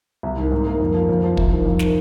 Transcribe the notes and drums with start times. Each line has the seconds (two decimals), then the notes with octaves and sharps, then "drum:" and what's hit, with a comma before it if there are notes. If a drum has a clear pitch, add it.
0.23 C2
0.38 D#3
0.52 G#2
0.66 A#3
0.80 F2
0.95 F3
1.09 F2
1.23 F3
1.37 C2, drum: kick
1.51 D#3
1.66 F2
1.79 D#3, drum: snare